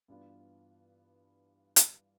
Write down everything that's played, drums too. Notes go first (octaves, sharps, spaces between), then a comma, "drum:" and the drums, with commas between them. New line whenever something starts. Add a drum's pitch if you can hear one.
G2 E3 B3 D4 F4
drum: hi-hat